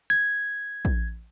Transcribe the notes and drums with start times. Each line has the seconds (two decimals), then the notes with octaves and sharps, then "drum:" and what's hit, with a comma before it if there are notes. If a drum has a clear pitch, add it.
0.10 G#6
0.85 drum: kick